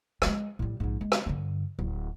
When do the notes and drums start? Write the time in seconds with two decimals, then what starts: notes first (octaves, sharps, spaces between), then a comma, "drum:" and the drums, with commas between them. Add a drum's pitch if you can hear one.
0.22 G3 G#3, drum: rim click
0.59 A2 G3
0.80 A#1 G#2
1.01 G#3
1.12 drum: rim click
1.26 G2 D3
1.79 D1